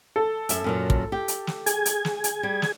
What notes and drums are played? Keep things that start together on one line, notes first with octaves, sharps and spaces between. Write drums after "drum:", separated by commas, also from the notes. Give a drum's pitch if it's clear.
A4
F#2 E5, drum: hi-hat
F#2 A#2 F#3
drum: kick
G4
drum: hi-hat
drum: snare
G#4 G#5 G#6, drum: hi-hat
drum: hi-hat
drum: snare
drum: hi-hat
G3
drum: snare